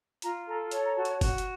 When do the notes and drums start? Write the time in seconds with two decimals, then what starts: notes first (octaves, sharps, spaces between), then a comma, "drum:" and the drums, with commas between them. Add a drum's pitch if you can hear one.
0.22 F4 A#5, drum: hi-hat
0.47 A4 A#5
0.71 C#5 A5, drum: hi-hat
0.83 A#5
0.94 F#4 A5
1.05 drum: hi-hat
1.21 F#4, drum: kick F#1, open hi-hat
1.38 drum: hi-hat